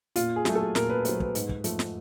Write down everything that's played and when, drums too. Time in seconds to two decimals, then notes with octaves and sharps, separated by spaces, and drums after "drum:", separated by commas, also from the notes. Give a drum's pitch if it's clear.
0.16 A#2 F4, drum: hi-hat
0.36 G#4
0.45 F#3 A3, drum: snare
0.55 A4
0.75 A#2 A#4, drum: snare
0.90 B4
1.05 F#3 A3 C5, drum: hi-hat
1.20 B4, drum: kick
1.35 G#2, drum: hi-hat
1.49 drum: kick
1.64 F3 A3, drum: hi-hat
1.79 drum: snare